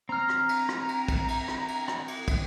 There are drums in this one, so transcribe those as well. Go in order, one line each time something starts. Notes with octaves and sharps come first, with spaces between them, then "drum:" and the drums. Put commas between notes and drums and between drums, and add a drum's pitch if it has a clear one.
C4 A#5 F6
drum: rim click
drum: cymbal
drum: rim click
drum: cymbal
drum: kick, cymbal
drum: cymbal
drum: rim click
drum: cymbal
drum: rim click
drum: cymbal
drum: kick, cymbal